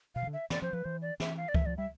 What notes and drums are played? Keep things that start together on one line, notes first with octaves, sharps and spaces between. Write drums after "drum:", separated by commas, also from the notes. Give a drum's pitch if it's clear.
B2 F5
E3
D3
E5
E3 D5, drum: snare
F3 C5
F3 B4
E3 C5
D5
E3 E5, drum: snare
F5
D5
E3 E5, drum: kick C#2
F3 D5
G3 E5